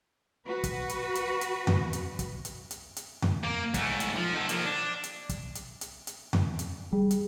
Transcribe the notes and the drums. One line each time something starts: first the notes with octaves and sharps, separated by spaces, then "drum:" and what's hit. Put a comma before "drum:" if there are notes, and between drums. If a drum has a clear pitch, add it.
F#4 B4
drum: kick, hi-hat
drum: hi-hat
drum: hi-hat
drum: hi-hat
drum: tom F2
drum: hi-hat
drum: kick, hi-hat
drum: hi-hat
drum: hi-hat
drum: hi-hat
drum: tom F2
A#3
G#2 A3, drum: kick, hi-hat
drum: hi-hat
F3
D#4 A4
F3 A#3, drum: hi-hat
D4
drum: hi-hat
drum: kick, hi-hat
drum: hi-hat
drum: hi-hat
drum: hi-hat
drum: tom F2
drum: hi-hat
G3 G#4
drum: hi-hat